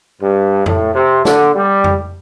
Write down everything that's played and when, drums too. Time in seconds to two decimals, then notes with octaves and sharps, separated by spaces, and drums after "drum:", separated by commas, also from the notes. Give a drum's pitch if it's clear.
0.22 G2
0.66 A2, drum: tom F2
0.95 C3
1.25 D3, drum: snare
1.55 G3
1.84 drum: tom F2